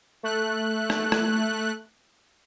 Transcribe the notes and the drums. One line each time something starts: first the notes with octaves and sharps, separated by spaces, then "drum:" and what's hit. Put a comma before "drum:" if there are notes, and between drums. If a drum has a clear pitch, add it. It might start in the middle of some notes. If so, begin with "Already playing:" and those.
A3 F#6
drum: rim click
drum: rim click